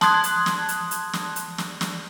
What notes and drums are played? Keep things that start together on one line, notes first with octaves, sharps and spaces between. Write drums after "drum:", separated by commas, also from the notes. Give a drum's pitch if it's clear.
A5 C6 D#6 F#6 G#6, drum: snare
drum: hi-hat
drum: snare
drum: hi-hat
drum: hi-hat
drum: snare
drum: hi-hat
drum: snare
drum: snare